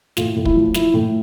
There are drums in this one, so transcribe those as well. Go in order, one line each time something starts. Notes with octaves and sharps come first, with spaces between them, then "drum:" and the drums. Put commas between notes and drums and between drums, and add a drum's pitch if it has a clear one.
A2 F4, drum: snare
A2
E4, drum: kick
F3
F3 E4, drum: snare
A2